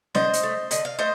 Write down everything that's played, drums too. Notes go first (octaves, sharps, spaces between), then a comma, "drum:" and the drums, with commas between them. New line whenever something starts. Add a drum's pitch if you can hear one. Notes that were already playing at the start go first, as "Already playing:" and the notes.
D3 C5 D#5, drum: snare C#4
drum: hi-hat
A3
D3 D#5, drum: hi-hat
F5
A3 C5 D#5